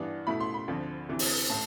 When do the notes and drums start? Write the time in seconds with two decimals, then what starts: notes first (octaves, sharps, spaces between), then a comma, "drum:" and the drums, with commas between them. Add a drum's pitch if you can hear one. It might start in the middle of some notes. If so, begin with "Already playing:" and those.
Already playing: G2 E3 B3 D4
0.27 B2 A3 E4 B5
0.40 C6
0.54 B5
0.68 D2 D3 F3 C4
1.09 D2 C3 E3
1.19 drum: open hi-hat
1.50 A2 A5